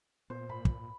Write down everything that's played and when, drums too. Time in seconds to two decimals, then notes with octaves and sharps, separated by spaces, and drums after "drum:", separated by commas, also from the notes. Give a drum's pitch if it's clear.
0.30 A#2 B3 C5
0.49 G#2 B5
0.65 drum: kick